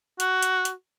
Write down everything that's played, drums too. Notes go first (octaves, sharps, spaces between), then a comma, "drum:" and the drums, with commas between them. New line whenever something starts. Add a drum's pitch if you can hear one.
F#4, drum: hi-hat
drum: hi-hat
drum: hi-hat